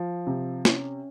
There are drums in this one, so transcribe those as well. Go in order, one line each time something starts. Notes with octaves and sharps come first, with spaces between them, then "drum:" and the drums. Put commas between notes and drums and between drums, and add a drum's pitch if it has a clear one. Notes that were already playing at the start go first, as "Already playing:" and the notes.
Already playing: F3
C3
C#4, drum: snare